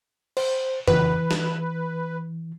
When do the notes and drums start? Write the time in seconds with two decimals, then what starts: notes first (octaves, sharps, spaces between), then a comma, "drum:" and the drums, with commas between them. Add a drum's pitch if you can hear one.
0.37 C5, drum: cymbal
0.88 E3 B4, drum: tom F2
1.31 drum: snare